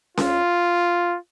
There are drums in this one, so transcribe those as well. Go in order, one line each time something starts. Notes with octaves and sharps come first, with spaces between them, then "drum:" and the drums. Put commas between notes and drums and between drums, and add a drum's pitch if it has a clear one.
F4, drum: snare C#4